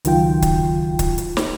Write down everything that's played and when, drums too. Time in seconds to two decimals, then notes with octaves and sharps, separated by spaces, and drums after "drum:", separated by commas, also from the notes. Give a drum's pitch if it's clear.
0.05 C#2 D#3 F#3 F4 G5, drum: hi-hat
0.42 drum: kick, hi-hat
0.99 drum: kick, hi-hat
1.18 drum: hi-hat
1.37 drum: snare